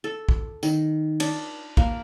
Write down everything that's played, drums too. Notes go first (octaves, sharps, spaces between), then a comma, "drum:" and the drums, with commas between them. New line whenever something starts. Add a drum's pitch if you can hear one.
A4
drum: kick
D#3, drum: tambourine
D4, drum: cymbal
A#3, drum: kick